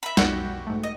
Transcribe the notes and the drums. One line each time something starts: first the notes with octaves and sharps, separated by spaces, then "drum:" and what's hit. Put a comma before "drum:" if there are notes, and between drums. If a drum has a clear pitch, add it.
E5 B5
B1 F2 F#4 G4 F#5, drum: snare
G#2 A3
D#5